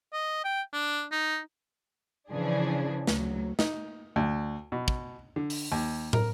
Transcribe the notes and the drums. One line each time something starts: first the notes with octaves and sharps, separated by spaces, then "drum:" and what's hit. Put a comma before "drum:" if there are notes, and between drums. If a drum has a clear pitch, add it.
D#5
G5
D4
D#4
C#3 E3 F3 D4 G#4
D2 F#3, drum: snare
D#4, drum: snare
D2
B2
drum: kick
D3
drum: open hi-hat
D#2
A#4, drum: tom